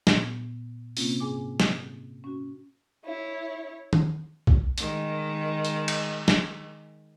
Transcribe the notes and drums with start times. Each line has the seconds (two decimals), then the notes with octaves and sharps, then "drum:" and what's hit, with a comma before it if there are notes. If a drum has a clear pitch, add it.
0.07 A#2 B3, drum: snare
0.97 C3 A#3 C4 C#4 F4, drum: open hi-hat
1.20 G#2 G#4 G#5 D6
1.60 drum: snare
2.24 C#4 F#4
3.05 E4 C#5
3.93 drum: tom
4.47 drum: kick B1
4.78 D#3 G#3, drum: hi-hat
5.65 drum: hi-hat
5.88 drum: cymbal
6.28 drum: snare